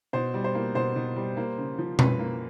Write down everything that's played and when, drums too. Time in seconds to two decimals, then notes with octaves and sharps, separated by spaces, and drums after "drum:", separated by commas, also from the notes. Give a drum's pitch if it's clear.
0.13 B2 C5
0.34 G3
0.44 C5
0.54 A#3
0.75 B2 C5
0.96 B2
1.16 G3
1.37 A#3
1.58 C#3
1.78 F3
1.99 F#2 B4, drum: tom B2
2.19 A#3